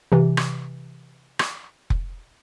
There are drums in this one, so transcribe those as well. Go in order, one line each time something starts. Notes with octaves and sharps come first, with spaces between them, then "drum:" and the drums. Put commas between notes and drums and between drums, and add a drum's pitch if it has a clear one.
C3 E3
drum: rim click
drum: rim click
drum: kick F1